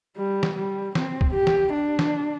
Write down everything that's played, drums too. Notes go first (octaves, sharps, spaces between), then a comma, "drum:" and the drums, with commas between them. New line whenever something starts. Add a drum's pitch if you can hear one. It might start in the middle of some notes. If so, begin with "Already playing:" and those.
G3
drum: snare
G3
C4, drum: snare
drum: kick
G4
drum: snare
D4
drum: snare